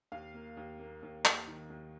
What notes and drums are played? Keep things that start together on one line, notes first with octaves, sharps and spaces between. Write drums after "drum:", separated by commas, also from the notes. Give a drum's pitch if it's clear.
D#2 F5
A#3
D#2
A#3
D#2
D#2, drum: clap
D#3
D#2